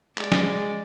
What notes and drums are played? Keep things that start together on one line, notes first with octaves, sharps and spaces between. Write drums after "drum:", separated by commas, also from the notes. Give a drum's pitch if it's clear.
G#3 D5, drum: clap
drum: snare